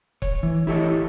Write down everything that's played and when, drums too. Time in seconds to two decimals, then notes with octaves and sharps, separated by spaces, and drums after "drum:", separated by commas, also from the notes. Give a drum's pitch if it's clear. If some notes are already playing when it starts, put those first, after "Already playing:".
0.22 C#5, drum: kick C#1
0.43 E3
0.67 E4 G4 A4 C#5 D#5